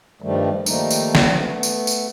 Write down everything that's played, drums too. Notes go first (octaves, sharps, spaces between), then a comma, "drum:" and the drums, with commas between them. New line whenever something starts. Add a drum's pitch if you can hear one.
G2 D#3 F3 G3 A3
D#3 F3 G3 A3 A#3 D#4, drum: tambourine
drum: tambourine
drum: snare
A3 B3
drum: tambourine
drum: tambourine